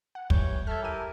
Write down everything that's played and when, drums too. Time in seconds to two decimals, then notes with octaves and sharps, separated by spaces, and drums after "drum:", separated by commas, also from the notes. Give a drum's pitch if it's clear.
0.15 F#5
0.30 E3 G3 C#5 G6, drum: kick
0.67 A4 E5 F6 G#6
0.83 E4 G4 A#4 G#5 D#7